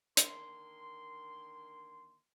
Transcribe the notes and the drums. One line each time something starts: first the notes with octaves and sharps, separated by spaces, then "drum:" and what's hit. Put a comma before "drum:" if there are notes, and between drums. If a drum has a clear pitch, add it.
D3 D#3 A#3 C6, drum: hi-hat